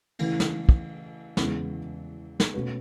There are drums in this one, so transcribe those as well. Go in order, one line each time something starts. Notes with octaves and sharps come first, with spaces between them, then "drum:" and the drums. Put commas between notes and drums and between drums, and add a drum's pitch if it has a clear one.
C#3 E3 A3 E4 B4, drum: cymbal
drum: snare
drum: kick
E2 C#3 E3 G#3 B3, drum: snare
drum: snare
B2 A3 C#4 F#4 B4